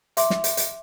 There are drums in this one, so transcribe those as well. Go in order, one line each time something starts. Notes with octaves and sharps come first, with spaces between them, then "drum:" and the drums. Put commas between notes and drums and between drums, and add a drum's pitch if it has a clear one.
E5 C6 D6, drum: hi-hat
drum: snare
drum: hi-hat
drum: hi-hat